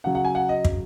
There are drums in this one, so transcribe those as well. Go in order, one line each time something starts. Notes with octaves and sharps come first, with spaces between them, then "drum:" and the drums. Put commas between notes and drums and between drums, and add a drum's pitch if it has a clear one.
C#3 F#3 F#5
F#5
G#5
F#5
D#5
drum: kick